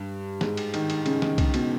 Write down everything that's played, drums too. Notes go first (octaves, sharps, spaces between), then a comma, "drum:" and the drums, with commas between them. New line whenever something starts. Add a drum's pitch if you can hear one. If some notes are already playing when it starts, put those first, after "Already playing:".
Already playing: G2
G#2, drum: snare
drum: cymbal
D#3, drum: cymbal
drum: cymbal
C#3, drum: cymbal
D#3, drum: snare
C#3, drum: kick, cymbal
B2, drum: cymbal